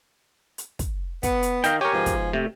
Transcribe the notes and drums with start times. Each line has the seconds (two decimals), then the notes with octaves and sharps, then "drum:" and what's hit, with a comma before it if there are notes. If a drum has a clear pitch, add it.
0.58 drum: hi-hat
0.79 drum: kick, hi-hat
1.23 B3, drum: kick, hi-hat
1.43 drum: hi-hat
1.64 D#3 D#5 F5 G5, drum: hi-hat
1.81 G4 A#4 C#5 G#5
1.93 G#2 B2 F3
2.06 drum: kick, hi-hat
2.33 C3 A3